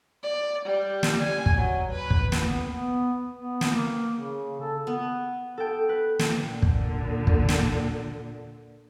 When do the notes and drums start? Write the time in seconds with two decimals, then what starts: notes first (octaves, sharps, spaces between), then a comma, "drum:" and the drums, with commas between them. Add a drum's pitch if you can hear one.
0.23 D5
0.66 G3
1.03 drum: snare
1.23 G#5
1.46 drum: kick
1.58 F#3
1.92 B4
2.10 drum: kick
2.32 drum: snare
2.46 B3
2.66 B3
3.37 B3
3.61 drum: snare
3.73 A#3
4.12 C#3
4.61 A4
4.87 B3
5.58 A4 G5
5.89 B4
6.19 drum: snare
6.41 A#2 D3
6.62 drum: kick
7.27 drum: kick
7.49 drum: snare